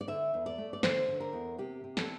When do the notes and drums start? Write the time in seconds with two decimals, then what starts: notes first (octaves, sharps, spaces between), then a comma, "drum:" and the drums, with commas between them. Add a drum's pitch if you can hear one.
0.01 D5
0.08 D3 E5
0.34 E2
0.46 D5
0.58 A3
0.73 D5
0.83 D3 C5, drum: snare
1.08 D3
1.20 A#4
1.33 E2
1.58 C3 G4
1.84 C3
1.97 A4, drum: snare